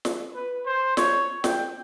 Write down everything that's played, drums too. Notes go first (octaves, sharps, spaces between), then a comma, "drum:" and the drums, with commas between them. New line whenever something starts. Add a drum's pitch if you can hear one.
drum: snare
B4
C5
C#5, drum: snare
G5, drum: snare